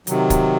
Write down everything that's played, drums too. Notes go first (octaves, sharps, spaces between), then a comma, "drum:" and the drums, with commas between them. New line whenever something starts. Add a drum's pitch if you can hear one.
C3 D#3 F#3, drum: hi-hat
drum: kick, hi-hat